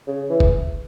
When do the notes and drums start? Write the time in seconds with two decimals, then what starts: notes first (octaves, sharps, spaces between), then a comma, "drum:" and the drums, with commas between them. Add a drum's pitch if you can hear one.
0.07 C#3
0.30 E3
0.40 drum: kick F#1